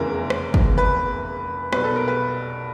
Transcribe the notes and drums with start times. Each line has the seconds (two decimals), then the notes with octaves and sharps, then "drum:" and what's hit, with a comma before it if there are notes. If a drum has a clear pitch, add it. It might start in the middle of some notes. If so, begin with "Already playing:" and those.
Already playing: F1 E2 C#3 E3 A#4
0.30 drum: rim click
0.54 drum: kick
0.78 B4
1.73 B1 B2 G3 B4, drum: rim click
1.84 A4
1.96 A#4
2.08 B4